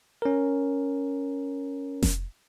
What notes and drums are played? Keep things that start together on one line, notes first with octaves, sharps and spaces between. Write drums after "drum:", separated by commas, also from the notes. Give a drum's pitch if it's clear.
C#4 A#4
drum: snare F1